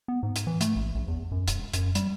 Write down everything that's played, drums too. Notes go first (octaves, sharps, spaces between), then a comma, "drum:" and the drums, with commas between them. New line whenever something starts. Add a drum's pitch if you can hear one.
B3
G#2
drum: hi-hat
E3
A3, drum: hi-hat
A1
A#1
E2
F#2
E1, drum: hi-hat
F#2, drum: hi-hat
G3, drum: hi-hat